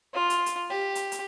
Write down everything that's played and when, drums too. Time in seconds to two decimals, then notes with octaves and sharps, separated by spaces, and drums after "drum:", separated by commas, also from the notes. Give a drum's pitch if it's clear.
0.13 F4
0.30 drum: hi-hat
0.46 drum: hi-hat
0.70 G4
0.95 drum: hi-hat
1.12 drum: hi-hat